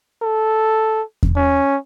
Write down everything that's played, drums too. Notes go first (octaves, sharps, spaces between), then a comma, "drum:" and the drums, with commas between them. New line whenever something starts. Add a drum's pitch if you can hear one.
A4
drum: kick E2
C#4